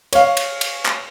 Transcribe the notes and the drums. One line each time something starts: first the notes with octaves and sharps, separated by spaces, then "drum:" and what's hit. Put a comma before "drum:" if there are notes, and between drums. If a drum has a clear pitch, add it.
C#5 F5, drum: cymbal
drum: cymbal
drum: cymbal
drum: clap